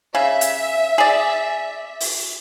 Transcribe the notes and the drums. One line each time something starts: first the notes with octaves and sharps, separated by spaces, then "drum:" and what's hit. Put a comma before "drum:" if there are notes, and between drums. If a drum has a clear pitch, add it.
C#3 E5
drum: hi-hat
G#4 D5
drum: open hi-hat